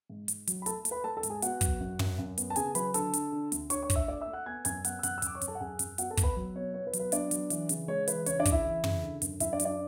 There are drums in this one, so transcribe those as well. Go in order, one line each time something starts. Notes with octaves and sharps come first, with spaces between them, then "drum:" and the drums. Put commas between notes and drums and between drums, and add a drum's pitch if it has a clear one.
G#2
G#2, drum: hi-hat
F#3, drum: hi-hat
B5
A3 A4 A5, drum: hi-hat
A3, drum: hi-hat
B4 B5
A3 A4 A5
A4 A5
G#2, drum: hi-hat
G#4 G#5
B3 F#4 F#5, drum: hi-hat
F#3, drum: kick, hi-hat
F#2
F#2, drum: tom
F#2
B3, drum: hi-hat
A5
C#3 G#4 G#5, drum: hi-hat
F#3 B4 B5, drum: hi-hat
D3 A4 A5, drum: hi-hat
D4, drum: hi-hat
D3
D2, drum: hi-hat
D4 C#5 C#6, drum: hi-hat
C#5 C#6
D4, drum: kick, hi-hat
E5 E6
A3 D5 D6
E5 E6
A3
F#5 F#6
B3 G#5 G#6
F#2 G#5 G#6, drum: hi-hat
B3 F#5 F#6, drum: hi-hat
E6
F#2 F#5 F#6, drum: hi-hat
E6
F#2 D6, drum: hi-hat
C#5 C#6
F#2, drum: hi-hat
A4 A5
F#5
F#2 G#4 G#5
F#2, drum: hi-hat
B3 F#4 F#5, drum: hi-hat
A4 A5
B3, drum: kick, hi-hat
B4 B5
F#3
B2 C#5
B3 C#5
B4
F#3, drum: hi-hat
B4
B3 D4 D5, drum: hi-hat
F#3, drum: hi-hat
E3, drum: hi-hat
C#3, drum: hi-hat
G#3 C#5
E3 B4, drum: hi-hat
C#3 C#5, drum: hi-hat
D4 D5
C#3, drum: kick, hi-hat
E4 E5
E3
C#3, drum: tom
D3
F#2, drum: hi-hat
F#2 E4 E5, drum: hi-hat
D4 D5
F#3, drum: hi-hat
D4 D5